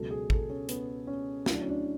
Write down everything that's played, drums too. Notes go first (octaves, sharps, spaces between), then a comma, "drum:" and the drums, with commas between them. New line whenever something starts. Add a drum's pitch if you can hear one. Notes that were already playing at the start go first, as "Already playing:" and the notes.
Already playing: C#2 B2 F#3 A4
G#4
A4, drum: kick
C#4
B3, drum: hi-hat
C#4
D2 D3 F#3 E4, drum: snare
D4
C#4
D4